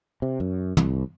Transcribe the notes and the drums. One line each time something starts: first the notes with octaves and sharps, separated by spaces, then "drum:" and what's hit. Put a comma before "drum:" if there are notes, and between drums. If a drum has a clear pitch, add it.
C3
F#2
C2, drum: tom